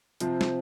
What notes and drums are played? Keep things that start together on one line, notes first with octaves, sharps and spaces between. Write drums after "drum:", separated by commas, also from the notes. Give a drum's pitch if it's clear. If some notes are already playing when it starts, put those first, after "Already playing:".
C3 F3 C4 F4, drum: hi-hat
drum: snare